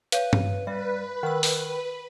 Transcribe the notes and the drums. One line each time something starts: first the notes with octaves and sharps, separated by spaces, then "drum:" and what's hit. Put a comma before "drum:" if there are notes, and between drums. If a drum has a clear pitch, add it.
B4 C#5 F5, drum: hi-hat
drum: tom
G3 B4 E5
D#3 F#5 E6
drum: open hi-hat